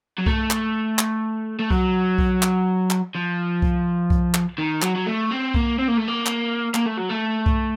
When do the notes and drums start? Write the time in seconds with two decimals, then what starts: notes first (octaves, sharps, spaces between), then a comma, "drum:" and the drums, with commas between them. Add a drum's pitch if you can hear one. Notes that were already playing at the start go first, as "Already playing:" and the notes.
0.18 F#3
0.26 A3, drum: kick B1
0.50 drum: clap
0.98 drum: clap
1.59 A3
1.70 F#3, drum: kick B1
2.18 drum: kick B1
2.42 drum: clap
2.90 drum: clap
3.15 F3
3.62 drum: kick B1
4.10 drum: kick B1
4.34 drum: clap
4.58 D#3
4.82 F#3, drum: clap
4.96 F#3
5.06 A3
5.31 C4
5.54 A#3, drum: kick B1
5.78 C4
5.88 A#3
5.97 A3
6.08 A#3
6.26 drum: clap
6.74 A#3, drum: clap
6.86 A3
6.97 F#3
7.09 A3
7.46 drum: kick B1